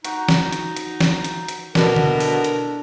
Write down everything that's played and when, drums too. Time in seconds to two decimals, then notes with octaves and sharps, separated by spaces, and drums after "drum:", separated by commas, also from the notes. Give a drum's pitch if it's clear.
0.05 D#4 F#4, drum: hi-hat
0.29 drum: snare
0.53 drum: hi-hat
0.76 drum: hi-hat
1.00 drum: snare
1.24 drum: hi-hat
1.48 drum: hi-hat
1.75 B2 D3 D4 E4 A#4, drum: snare
1.96 drum: tom D3
2.20 drum: open hi-hat
2.44 drum: hi-hat